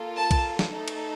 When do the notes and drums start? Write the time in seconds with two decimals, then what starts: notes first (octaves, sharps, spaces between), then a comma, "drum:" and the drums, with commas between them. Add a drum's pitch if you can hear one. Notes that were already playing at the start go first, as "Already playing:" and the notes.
Already playing: A#3 F4 A4
0.17 A5
0.31 drum: kick B1, cymbal
0.59 drum: snare
0.73 A3 D#4 A4
0.88 drum: cymbal